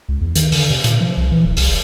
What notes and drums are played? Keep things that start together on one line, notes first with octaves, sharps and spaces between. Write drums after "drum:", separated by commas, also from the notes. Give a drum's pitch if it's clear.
C#2
E2
D#3, drum: hi-hat
D3, drum: open hi-hat
C3
A#2, drum: hi-hat
F3
C2
E3
D#1
C2, drum: open hi-hat
F#1